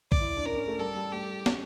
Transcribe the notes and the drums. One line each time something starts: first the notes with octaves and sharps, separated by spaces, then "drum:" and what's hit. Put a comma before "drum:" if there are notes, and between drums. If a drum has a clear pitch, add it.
D5, drum: kick A#1
E4
D4
C#4 A#4
C#4
A3
G3 A4
G3
A3 G4
C#4, drum: snare